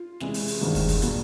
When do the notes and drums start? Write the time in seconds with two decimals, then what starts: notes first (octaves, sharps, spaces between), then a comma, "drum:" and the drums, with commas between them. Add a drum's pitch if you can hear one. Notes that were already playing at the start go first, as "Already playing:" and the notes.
Already playing: F4
0.20 C3 E3 G#3, drum: snare
0.34 drum: open hi-hat
0.48 drum: open hi-hat
0.61 G2 D#3 G#3 C4 F#4
0.75 drum: kick, open hi-hat
0.89 drum: kick, open hi-hat
1.02 A#2 F#3 B3, drum: hi-hat